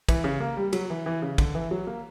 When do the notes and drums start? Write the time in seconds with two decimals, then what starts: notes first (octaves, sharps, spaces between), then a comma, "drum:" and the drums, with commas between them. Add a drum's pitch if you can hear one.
0.09 E3, drum: kick, cymbal
0.24 C#3
0.40 A#3
0.57 G3
0.73 F#3, drum: cymbal
0.90 E3
1.06 E3
1.22 C#3
1.38 D3, drum: kick, cymbal
1.55 E3
1.71 F#3
1.87 A#3